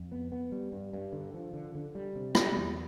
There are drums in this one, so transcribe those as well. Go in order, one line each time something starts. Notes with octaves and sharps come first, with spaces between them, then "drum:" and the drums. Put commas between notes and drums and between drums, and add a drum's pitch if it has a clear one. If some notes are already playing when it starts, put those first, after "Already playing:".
Already playing: F2
B3
B3
G3
G2
G2
D3
F3
D3
D3
G3
C3
G3, drum: rim click
E2